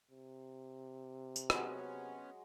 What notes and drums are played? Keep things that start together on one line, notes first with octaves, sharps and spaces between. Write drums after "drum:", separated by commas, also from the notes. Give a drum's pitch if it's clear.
C3
drum: tambourine
F#3 G#3 B3 C#4 D#5, drum: rim click